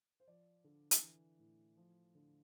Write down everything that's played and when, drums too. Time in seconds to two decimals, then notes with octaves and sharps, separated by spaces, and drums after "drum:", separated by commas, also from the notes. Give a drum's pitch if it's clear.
0.20 C5
0.27 F3 D5
0.64 D3
0.91 drum: hi-hat
1.02 E3
1.39 A2
1.77 F3
2.15 D3